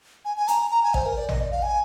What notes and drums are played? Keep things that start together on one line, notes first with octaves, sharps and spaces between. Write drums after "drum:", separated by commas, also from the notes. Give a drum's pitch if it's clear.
G#5
G#5
A#5, drum: hi-hat
A#5
G#5
C5, drum: kick
A#4
D5
D#5, drum: tom
D5
F5
G#5